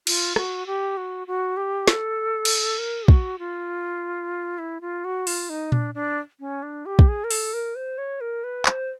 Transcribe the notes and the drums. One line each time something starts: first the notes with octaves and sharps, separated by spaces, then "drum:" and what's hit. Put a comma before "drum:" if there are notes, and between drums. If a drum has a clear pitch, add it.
F4, drum: cymbal
F#4, drum: rim click
G4
F#4
F#4
G4
A4, drum: snare
drum: cymbal
A#4
F#4, drum: kick
F4
E4
F4
F#4
F4, drum: open hi-hat
D#4
D4, drum: tom A#2
D4
C#4
D4
G4
drum: kick
G#4
A#4
A4, drum: open hi-hat
A#4
C5
C#5
A#4
B4
C5, drum: clap